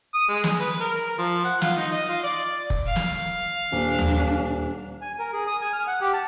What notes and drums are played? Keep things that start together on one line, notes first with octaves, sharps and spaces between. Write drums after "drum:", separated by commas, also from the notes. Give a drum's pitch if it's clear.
D#6
G#3
drum: snare
B4
A#4
F3
F#5
F4, drum: snare
D#4
D#5
F4
D5
drum: kick F1
F5
drum: snare
D#1 D4
drum: tom D#2
G#5
A#4
G#4
D#6
G#5
F6
F#5
G4
A5